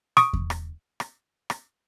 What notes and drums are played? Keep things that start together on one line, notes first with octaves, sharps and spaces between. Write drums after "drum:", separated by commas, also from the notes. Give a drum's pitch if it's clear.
C#6 D#6 D7, drum: rim click
drum: kick E2
drum: rim click
drum: rim click
drum: rim click